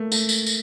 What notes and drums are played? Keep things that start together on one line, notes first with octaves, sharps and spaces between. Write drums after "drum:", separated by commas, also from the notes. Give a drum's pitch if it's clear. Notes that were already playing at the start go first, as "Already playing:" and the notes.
Already playing: A3 A#3
A3, drum: tambourine
drum: tambourine
drum: tambourine